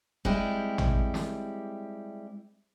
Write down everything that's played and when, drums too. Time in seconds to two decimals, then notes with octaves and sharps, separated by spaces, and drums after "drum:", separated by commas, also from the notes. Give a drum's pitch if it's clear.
0.25 G3 G#3 C4 E4 G4, drum: kick F1
0.78 drum: tom
1.14 drum: snare